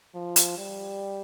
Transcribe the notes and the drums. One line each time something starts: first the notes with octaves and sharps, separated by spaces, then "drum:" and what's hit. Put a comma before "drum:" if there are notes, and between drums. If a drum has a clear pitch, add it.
F3
drum: hi-hat
G3